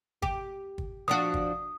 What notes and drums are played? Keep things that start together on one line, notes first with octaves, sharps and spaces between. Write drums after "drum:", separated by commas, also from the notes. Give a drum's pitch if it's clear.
G4, drum: kick
drum: kick
F3 D4 F#4 D#6
drum: kick